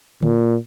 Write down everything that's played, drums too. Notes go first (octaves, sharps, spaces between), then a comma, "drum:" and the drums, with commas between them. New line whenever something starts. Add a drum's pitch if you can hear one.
A#2, drum: tom D3